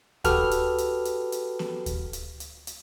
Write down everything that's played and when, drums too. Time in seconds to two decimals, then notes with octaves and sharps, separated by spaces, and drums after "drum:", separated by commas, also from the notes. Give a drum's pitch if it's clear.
0.24 F#4 G4 A4 B4 F6, drum: kick D2, hi-hat
0.51 drum: hi-hat
0.78 drum: hi-hat
1.05 drum: hi-hat
1.32 drum: hi-hat
1.59 drum: snare B3
1.86 drum: kick D2, hi-hat
2.13 drum: hi-hat
2.40 drum: hi-hat
2.67 drum: hi-hat